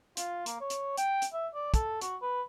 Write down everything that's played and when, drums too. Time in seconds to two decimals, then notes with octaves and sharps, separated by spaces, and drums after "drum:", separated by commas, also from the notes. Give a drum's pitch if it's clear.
0.17 F4, drum: hi-hat
0.46 A#3, drum: hi-hat
0.60 C#5
0.70 drum: hi-hat
0.97 G5, drum: hi-hat
1.22 drum: hi-hat
1.33 E5
1.54 D5
1.74 A4, drum: kick, hi-hat
2.01 F#4, drum: hi-hat
2.22 B4